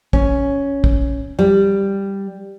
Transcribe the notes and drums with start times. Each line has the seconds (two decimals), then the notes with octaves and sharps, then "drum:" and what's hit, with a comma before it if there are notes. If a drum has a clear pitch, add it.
0.13 C#4, drum: kick
0.84 drum: kick
1.39 G3